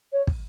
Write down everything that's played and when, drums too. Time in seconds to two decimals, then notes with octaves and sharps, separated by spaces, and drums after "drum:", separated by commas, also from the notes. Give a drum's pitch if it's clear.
0.13 C#5
0.27 drum: kick